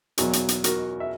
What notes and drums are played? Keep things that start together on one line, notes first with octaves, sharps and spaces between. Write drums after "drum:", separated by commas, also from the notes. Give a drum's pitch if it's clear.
E2 B2 F#3 F#4 A#4, drum: hi-hat
drum: hi-hat
drum: hi-hat
F#4 A#4, drum: hi-hat
E5